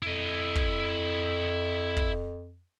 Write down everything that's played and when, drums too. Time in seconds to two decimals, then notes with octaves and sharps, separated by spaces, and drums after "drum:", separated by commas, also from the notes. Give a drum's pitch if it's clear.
0.02 F2 E4 D#5
0.55 drum: kick
1.97 drum: kick